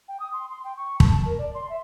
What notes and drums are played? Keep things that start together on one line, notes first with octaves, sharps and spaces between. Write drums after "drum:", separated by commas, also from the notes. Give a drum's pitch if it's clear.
G5
D#6
C6
C6
G5
C#6
A5, drum: kick
A5
A#4
D5
C6
E5